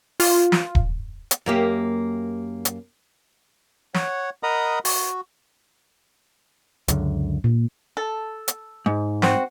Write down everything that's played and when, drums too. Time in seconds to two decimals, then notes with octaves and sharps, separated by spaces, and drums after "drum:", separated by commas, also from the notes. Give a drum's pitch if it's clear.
0.20 F4, drum: open hi-hat
0.52 drum: snare
0.75 drum: kick D#1
1.31 drum: hi-hat
1.46 F#2 A#3 G4
2.65 drum: hi-hat
3.94 C#5 F#5, drum: snare
4.43 A#4 D#5 F#5 A#5 B5 D#6
4.85 F#4, drum: open hi-hat
6.88 C#2 F#2 D3, drum: hi-hat
7.44 A#2
7.97 A4
8.48 drum: hi-hat
8.86 G#2
9.22 C4 F#4, drum: snare